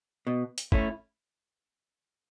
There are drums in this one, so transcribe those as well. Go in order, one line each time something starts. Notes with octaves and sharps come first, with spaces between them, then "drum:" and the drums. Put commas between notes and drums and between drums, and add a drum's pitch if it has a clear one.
B2
drum: hi-hat
A3 C#4 E4, drum: kick